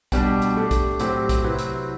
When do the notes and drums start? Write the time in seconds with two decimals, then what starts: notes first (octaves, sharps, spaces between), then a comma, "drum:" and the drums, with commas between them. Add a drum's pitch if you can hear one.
0.12 B2 G3 D4 G4, drum: kick, hi-hat
0.42 drum: hi-hat
0.56 A3 D4 G4
0.71 drum: kick, hi-hat
1.00 A2 F#3 C4 G4, drum: hi-hat
1.29 drum: kick, hi-hat
1.44 C3 F#3 C4 E4 B4
1.58 drum: hi-hat